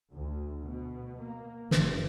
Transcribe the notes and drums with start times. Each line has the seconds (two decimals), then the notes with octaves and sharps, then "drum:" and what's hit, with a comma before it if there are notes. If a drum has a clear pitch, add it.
0.12 D2
0.63 B2
1.21 A#3
1.71 F#1, drum: snare